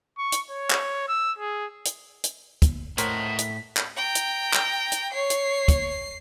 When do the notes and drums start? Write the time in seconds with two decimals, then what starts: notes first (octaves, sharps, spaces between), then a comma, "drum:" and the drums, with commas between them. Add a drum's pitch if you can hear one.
0.18 C#6
0.32 drum: hi-hat
0.51 C#5
0.70 drum: clap
1.09 E6
1.39 G#4
1.85 drum: hi-hat
2.24 drum: hi-hat
2.62 drum: kick, hi-hat
2.98 A2 A#4 C5 C#5 D#5 F#5 B6, drum: hi-hat
3.39 drum: hi-hat
3.77 drum: clap
3.96 G5 A#5
4.15 drum: hi-hat
4.53 drum: clap
4.92 drum: hi-hat
5.12 C#5 C7
5.30 drum: hi-hat
5.68 drum: kick, hi-hat
5.89 C7